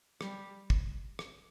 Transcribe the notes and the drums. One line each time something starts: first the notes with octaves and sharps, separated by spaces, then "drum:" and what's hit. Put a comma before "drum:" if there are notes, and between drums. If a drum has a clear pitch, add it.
G3, drum: rim click
drum: kick
drum: rim click